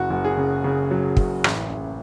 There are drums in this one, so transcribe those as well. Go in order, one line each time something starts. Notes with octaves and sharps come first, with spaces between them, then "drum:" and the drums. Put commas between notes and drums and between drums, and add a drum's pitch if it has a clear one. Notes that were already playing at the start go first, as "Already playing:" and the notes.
Already playing: F#1 F#4
F#1
G#4
C#3
C#3
F#3
F#1, drum: kick
A1, drum: rim click
A1